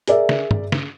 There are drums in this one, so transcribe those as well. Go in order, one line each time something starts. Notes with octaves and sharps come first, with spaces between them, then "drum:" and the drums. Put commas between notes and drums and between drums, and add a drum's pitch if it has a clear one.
G#4 A#4 D5 E5, drum: hi-hat
drum: snare
drum: tom G2
drum: snare